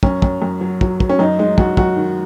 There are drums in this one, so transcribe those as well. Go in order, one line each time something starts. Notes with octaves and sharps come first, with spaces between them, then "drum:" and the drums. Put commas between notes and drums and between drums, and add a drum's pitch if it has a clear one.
F#2 C#4, drum: kick
F#2, drum: kick
F#2
F#3
F#3, drum: kick
F#3, drum: kick
C#4
F#2 D#4
G#3 D#4
F#2 F#4, drum: kick
F#2 F#4, drum: kick
D#3